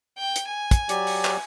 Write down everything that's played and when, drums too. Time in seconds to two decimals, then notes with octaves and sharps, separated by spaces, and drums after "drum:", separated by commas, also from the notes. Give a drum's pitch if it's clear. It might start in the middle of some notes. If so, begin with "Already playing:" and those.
0.18 G5
0.36 drum: hi-hat
0.47 G#5
0.71 drum: kick, hi-hat
0.89 F#3 G4 D5, drum: hi-hat
1.07 drum: open hi-hat
1.25 drum: clap